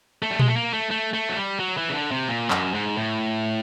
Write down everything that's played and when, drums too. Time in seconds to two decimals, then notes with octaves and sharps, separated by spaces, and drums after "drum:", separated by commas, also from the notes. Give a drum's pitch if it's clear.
0.22 A3
0.31 G3
0.39 G#3, drum: tom A#2
0.48 A3
0.56 A#3
0.73 A3
0.91 A3
1.13 A3
1.29 F#3
1.36 G3
1.60 F#3
1.77 E3
1.89 C#3
1.94 D3
2.11 C3
2.28 A#2
2.50 F#2, drum: clap
2.74 G#2
2.97 A2